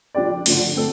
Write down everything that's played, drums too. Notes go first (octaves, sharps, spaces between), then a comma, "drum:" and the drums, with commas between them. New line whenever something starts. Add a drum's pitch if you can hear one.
F3 D4 G4 D5
D3 F3 A3, drum: open hi-hat
A3 C4 A4